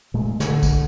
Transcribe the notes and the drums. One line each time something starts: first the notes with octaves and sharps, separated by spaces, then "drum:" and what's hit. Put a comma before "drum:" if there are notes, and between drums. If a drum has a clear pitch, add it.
A#2 G#3 A3
D3, drum: snare
drum: kick A#1, tambourine